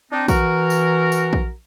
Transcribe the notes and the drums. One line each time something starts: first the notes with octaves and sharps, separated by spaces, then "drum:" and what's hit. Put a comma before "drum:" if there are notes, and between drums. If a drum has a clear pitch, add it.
C4 D4 D#4
E3 F#4 A#4, drum: kick A#1, tambourine
drum: tambourine
drum: tambourine
drum: kick A#1